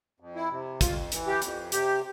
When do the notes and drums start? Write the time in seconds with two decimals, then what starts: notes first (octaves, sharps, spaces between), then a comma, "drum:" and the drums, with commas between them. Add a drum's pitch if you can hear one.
0.20 F2
0.36 E4
0.51 C3
0.81 F2 F4, drum: kick, hi-hat
1.12 E3, drum: hi-hat
1.27 G4
1.42 F2, drum: hi-hat
1.72 C3 G4, drum: hi-hat